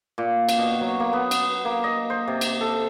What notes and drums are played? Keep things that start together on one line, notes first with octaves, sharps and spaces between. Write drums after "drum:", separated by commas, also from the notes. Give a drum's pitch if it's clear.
A#2
drum: cymbal
B2
F#3
A#3
B3
drum: cymbal
A#3
D#5
C5
C3
drum: cymbal
A4